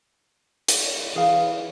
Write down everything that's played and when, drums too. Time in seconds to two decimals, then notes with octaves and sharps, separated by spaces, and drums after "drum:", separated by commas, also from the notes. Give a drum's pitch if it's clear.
0.68 drum: hi-hat
1.16 E3 G#4 F5